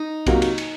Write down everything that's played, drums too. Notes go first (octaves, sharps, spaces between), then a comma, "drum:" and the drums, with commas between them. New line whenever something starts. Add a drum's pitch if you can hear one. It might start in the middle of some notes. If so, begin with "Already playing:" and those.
Already playing: D#4
C3 F#3 A#3 F4, drum: kick, cymbal
drum: cymbal
drum: cymbal